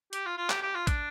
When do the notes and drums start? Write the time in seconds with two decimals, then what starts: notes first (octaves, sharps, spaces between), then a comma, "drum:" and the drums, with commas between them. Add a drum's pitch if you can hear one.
0.13 G4, drum: hi-hat
0.26 F4
0.37 F4
0.50 G4, drum: clap
0.62 G4
0.75 F4
0.87 D4, drum: kick, hi-hat